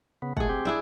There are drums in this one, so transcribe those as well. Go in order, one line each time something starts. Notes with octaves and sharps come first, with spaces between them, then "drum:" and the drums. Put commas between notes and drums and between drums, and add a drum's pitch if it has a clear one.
C#3 B3
A#2 G#3 A3 G#4 F#5, drum: kick
C4 G4
D4 E4 G#4